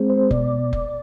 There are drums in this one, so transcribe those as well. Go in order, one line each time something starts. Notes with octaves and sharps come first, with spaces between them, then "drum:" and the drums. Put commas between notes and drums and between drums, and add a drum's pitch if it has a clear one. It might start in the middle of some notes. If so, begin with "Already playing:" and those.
Already playing: G#3 C4
C5
B2 D5, drum: kick F1
drum: kick F1